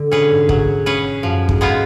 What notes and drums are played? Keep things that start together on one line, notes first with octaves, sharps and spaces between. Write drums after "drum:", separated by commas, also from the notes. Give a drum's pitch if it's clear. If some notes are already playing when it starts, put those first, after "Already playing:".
Already playing: D3
B2 C#4 G#4 B4
G#2
F#3, drum: kick
C#4 G#4 B4
F#2 F3
G#2, drum: kick
G#3 B3 F4